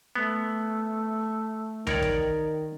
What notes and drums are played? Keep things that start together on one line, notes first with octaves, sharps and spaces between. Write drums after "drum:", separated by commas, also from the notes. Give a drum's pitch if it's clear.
A3 B3
D#3 A#4 C#5 D5, drum: tom C#2
drum: kick